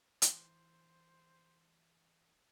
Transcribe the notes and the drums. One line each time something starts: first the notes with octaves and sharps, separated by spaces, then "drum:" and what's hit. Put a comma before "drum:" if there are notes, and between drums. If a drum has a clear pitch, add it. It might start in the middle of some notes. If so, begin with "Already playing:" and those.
E3 C5, drum: hi-hat